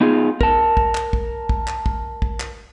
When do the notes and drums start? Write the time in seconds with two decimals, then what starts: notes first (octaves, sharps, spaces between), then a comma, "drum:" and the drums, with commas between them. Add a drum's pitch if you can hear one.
0.01 B3 D#4 F4 G#4
0.41 A#4 A5, drum: kick
0.77 drum: kick
0.95 drum: clap
1.13 drum: kick
1.49 drum: kick
1.68 drum: clap
1.86 drum: kick
2.22 drum: kick
2.40 drum: clap